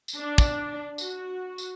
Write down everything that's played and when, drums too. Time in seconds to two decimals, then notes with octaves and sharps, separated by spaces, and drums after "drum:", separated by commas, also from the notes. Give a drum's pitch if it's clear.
0.08 drum: tambourine
0.18 D4
0.38 drum: kick, tambourine
0.98 F#4, drum: tambourine
1.58 drum: tambourine